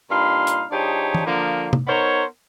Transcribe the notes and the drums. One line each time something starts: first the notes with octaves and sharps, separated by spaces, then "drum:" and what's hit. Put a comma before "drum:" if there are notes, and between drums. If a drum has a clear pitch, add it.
G2 A#2 D#4 F5 B5 C6
drum: hi-hat
F3 D4 D#4 G4 G#4 C#5
drum: tom
D3 F3 A#3
drum: tom
B3 D#4 A#4 C5 C#5